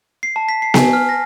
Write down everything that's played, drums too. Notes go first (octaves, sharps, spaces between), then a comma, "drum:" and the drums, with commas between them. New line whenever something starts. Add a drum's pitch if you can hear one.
C7
A5
B6
C7
G#5, drum: snare B3
F6
A#6